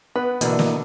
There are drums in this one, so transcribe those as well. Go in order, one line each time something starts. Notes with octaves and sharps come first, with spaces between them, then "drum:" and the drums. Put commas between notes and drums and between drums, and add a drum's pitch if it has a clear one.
B3 B4
B2 D3 E3 A#3 F#4 A#4 D5 D#5, drum: hi-hat
drum: snare